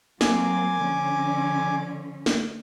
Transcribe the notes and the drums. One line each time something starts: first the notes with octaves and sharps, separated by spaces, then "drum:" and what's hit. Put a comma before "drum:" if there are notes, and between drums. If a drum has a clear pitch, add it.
F#3 A#3 C4 G#5 D6, drum: snare
D3 F3 C#4
drum: snare